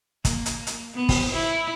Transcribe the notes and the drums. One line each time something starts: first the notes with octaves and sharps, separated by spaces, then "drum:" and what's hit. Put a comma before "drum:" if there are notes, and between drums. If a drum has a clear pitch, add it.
A#3, drum: kick, hi-hat
drum: hi-hat
drum: hi-hat
B3
drum: kick, open hi-hat
E4